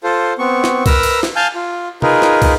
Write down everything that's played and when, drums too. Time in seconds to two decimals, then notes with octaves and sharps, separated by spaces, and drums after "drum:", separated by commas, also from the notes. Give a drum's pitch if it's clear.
0.04 F4 A4 C5
0.39 B3 C4 C#6
0.64 drum: snare
0.86 A#4 B4 A#5 E6, drum: kick, cymbal
1.03 drum: cymbal
1.23 drum: snare
1.36 F5 G#5 A5 F6 G6
1.55 F4
2.02 D#4 F4 G#4 A#4 B4, drum: tom C3
2.22 drum: snare
2.42 drum: kick, cymbal